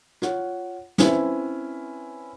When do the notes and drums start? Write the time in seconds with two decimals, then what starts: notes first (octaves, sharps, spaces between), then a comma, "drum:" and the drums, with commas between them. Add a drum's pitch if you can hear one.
0.22 F4 C#5 F#5, drum: rim click
0.98 C4 C#4 E4 B4 C5 E5, drum: snare